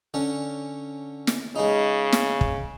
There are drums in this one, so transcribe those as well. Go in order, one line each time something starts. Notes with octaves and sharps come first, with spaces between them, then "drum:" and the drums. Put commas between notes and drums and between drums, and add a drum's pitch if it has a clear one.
D3 C#4
drum: snare
C#3 G#3 D#4
drum: snare
drum: kick